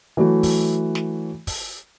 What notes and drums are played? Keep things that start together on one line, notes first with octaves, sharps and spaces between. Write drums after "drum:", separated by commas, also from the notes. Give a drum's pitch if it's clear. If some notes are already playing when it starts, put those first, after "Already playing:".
E3 F#3 A3 F#4
drum: kick, open hi-hat
drum: snare
drum: kick, open hi-hat